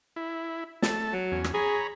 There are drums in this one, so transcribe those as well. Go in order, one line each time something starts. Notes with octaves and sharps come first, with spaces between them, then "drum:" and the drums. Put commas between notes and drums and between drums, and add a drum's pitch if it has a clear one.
E4
A3 A5, drum: snare
F#3
E2 C#4
drum: rim click
G#4 C#5 A#5 B5